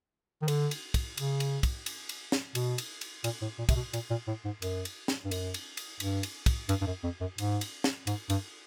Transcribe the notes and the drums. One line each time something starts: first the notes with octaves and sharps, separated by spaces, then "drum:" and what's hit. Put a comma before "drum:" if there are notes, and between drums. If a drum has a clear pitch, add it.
D#3
D3, drum: cymbal
drum: cymbal
drum: kick, cymbal
C#3, drum: cymbal
drum: cymbal
drum: kick, cymbal
drum: cymbal
drum: cymbal
drum: snare
B2, drum: cymbal
drum: cymbal
drum: cymbal
A#2, drum: cymbal
A2
A#2
C3, drum: kick, cymbal
B2
A#2, drum: cymbal
A#2
A2
G#2
F#2, drum: cymbal
drum: cymbal
drum: snare
G2
F#2, drum: cymbal
drum: cymbal
drum: cymbal
G2, drum: cymbal
drum: cymbal
drum: kick, cymbal
G2, drum: cymbal
G2
F#2
F2
F#2
G#2, drum: cymbal
drum: cymbal
drum: snare
G#2, drum: cymbal
G2, drum: cymbal